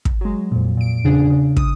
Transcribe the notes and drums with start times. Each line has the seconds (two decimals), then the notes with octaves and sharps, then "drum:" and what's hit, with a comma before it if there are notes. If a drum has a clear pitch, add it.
0.05 drum: kick
0.21 F#3 G#3
0.52 F2 A#2
0.77 A#2 D7
1.04 E2 C#3 D4 G#4
1.30 C#3
1.57 D#6, drum: kick